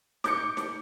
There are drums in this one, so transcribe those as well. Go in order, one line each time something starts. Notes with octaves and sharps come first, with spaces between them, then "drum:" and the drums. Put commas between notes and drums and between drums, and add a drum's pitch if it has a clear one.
D6 G6 C#7, drum: snare
drum: snare